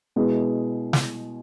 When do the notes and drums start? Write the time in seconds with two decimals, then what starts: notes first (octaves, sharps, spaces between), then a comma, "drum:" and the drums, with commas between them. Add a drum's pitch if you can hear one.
0.16 B2 G#3 B3 E4 G#4
0.93 drum: snare